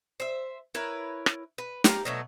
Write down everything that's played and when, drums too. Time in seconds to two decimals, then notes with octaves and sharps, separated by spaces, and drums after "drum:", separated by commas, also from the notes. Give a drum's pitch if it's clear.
0.20 C5 E5
0.74 E4 A#4 B4 C#5
1.26 drum: rim click
1.58 B4
1.84 G4 A#4 F5, drum: snare
2.05 B2 F#3 A3